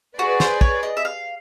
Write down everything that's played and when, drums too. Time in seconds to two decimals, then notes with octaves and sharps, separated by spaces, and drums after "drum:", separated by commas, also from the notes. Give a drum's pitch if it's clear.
0.19 F#4 G#4 B4 D5
0.40 C5, drum: snare
0.61 C#5, drum: kick
0.83 D#5
0.97 E5
1.05 F5